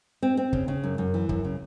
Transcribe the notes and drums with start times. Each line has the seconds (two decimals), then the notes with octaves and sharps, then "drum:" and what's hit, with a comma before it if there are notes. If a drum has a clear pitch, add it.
0.22 C4
0.37 C4
0.53 C#3, drum: kick
0.68 C#3
0.83 F#2
0.98 F#2
1.14 E3
1.29 F#2, drum: kick
1.45 C#3